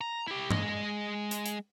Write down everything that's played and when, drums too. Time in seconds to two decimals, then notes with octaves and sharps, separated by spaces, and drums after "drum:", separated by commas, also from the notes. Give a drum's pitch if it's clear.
0.01 A#5
0.28 E4 G4
0.51 G#3 D#5, drum: tom
1.31 drum: hi-hat
1.46 drum: hi-hat